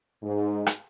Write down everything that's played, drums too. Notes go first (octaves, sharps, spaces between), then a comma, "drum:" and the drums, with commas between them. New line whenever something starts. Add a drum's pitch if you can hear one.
G#2
drum: rim click